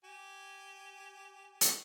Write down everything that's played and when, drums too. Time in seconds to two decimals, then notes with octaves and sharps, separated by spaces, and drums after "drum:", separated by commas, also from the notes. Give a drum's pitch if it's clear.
0.04 G4 G#5
1.61 drum: hi-hat